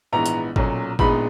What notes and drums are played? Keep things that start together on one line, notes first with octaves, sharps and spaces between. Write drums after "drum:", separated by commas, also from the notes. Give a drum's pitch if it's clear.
A#1 G#2 E3 B3 A#5
drum: hi-hat
B1 A#2 F#3 C#4, drum: kick G#1
A#1 A#2 G#3 B3 D#4 B5, drum: kick G#1